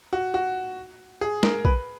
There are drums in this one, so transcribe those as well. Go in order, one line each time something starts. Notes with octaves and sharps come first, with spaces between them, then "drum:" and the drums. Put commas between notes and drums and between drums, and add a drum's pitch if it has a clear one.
F#4
F#4
G#4
A#4, drum: snare
B4, drum: kick A#1